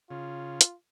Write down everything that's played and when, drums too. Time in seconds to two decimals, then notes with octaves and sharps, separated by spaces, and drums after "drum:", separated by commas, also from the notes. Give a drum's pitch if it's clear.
0.11 C#3 F4
0.61 drum: hi-hat